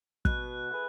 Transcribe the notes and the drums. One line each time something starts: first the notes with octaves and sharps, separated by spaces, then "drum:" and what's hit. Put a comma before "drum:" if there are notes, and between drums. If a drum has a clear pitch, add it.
B2 F#6, drum: kick
A3 E4 G#4 B4